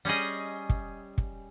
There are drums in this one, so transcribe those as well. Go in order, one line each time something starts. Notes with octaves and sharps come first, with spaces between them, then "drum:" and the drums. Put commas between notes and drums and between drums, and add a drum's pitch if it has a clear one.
G3 C#4 G#4 D#5
drum: kick
drum: kick